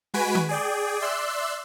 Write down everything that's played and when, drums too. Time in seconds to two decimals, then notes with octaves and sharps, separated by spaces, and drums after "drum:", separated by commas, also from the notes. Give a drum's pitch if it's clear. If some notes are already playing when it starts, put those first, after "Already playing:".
0.14 G#3 F#4 B4 G#5 B6 D7
0.35 drum: tom D#3
0.49 G#4 D5 G5
1.01 D5 E5 C6 E6 F#6